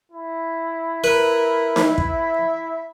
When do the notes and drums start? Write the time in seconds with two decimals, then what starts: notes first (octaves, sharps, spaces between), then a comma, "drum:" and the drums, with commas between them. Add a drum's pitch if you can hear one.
0.12 E4
1.04 A#4 B4
1.76 drum: snare D#4
1.98 E5, drum: kick